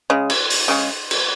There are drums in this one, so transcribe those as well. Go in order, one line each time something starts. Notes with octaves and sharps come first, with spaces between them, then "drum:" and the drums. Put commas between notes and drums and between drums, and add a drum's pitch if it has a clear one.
C#3 G#3
drum: cymbal
drum: open hi-hat
C#3 G#3
drum: cymbal